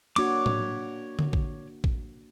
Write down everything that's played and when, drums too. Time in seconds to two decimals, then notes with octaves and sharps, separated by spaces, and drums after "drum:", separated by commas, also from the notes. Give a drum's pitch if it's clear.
0.16 A#3 D4 F#4 C#5 D6, drum: cymbal
0.46 drum: tom A2
1.19 drum: tom D3
1.33 drum: kick
1.84 drum: kick